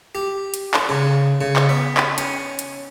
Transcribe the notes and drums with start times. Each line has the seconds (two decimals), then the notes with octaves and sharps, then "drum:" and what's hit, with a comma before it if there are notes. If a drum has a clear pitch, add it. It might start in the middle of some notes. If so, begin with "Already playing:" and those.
0.15 G4
0.54 drum: hi-hat
0.74 drum: clap
0.89 C#3
1.41 C#3
1.56 drum: clap
1.69 B3
1.97 drum: clap
2.18 C#4, drum: hi-hat
2.59 drum: hi-hat